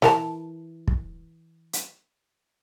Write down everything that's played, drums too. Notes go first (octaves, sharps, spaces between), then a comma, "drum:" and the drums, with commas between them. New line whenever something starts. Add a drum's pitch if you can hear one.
E3 A#4 A5, drum: snare
drum: kick
drum: hi-hat